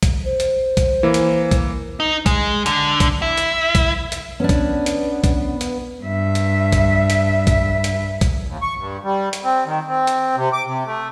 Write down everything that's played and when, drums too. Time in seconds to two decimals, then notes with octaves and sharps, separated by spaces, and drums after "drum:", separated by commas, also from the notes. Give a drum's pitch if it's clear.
0.03 drum: kick, hi-hat
0.25 C5
0.40 drum: hi-hat
0.77 drum: kick, hi-hat
1.03 E3 A#3
1.14 drum: hi-hat
1.51 drum: kick, hi-hat
2.00 D#4
2.26 G#3, drum: kick, hi-hat
2.66 D3, drum: hi-hat
3.00 drum: kick, hi-hat
3.22 E4
3.37 drum: hi-hat
3.75 drum: kick, hi-hat
4.12 drum: hi-hat
4.40 B3 C#4 D4
4.49 drum: kick, hi-hat
4.86 drum: hi-hat
5.24 drum: kick, hi-hat
5.61 drum: hi-hat
6.04 G2 E5
6.35 drum: hi-hat
6.72 drum: kick, hi-hat
7.10 drum: hi-hat
7.47 drum: kick, hi-hat
7.84 drum: hi-hat
8.21 drum: kick, hi-hat
8.47 D#2
8.62 C#6
8.78 G2
9.04 G3
9.33 drum: hi-hat
9.44 C4
9.66 D#3
9.88 C4
10.07 drum: hi-hat
10.36 C3
10.53 D6
10.66 C3
10.86 A3